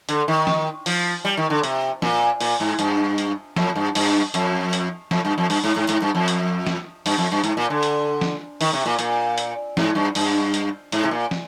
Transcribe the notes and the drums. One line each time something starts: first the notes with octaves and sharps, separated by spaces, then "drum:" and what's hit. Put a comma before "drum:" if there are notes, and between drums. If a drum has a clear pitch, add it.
D3, drum: hi-hat
D#3
drum: snare
F3, drum: open hi-hat
G3
D#3
D3
C3, drum: hi-hat
A#2, drum: snare
A#2, drum: open hi-hat
G#2
G2, drum: hi-hat
drum: hi-hat
F2, drum: snare
G2
G2, drum: open hi-hat
F2, drum: hi-hat
drum: hi-hat
F2, drum: snare
G2
F2
G2, drum: open hi-hat
G#2
G#2
G#2, drum: hi-hat
G2
F2
drum: hi-hat
drum: snare
G2, drum: open hi-hat
F2
G2
G#2, drum: hi-hat
A#2
D3
drum: hi-hat
drum: snare
D#3, drum: open hi-hat
C3
A#2
A#2, drum: hi-hat
drum: hi-hat
G#2, drum: snare
G2
G2, drum: open hi-hat
drum: hi-hat
G#2, drum: hi-hat
C3
A#2
drum: snare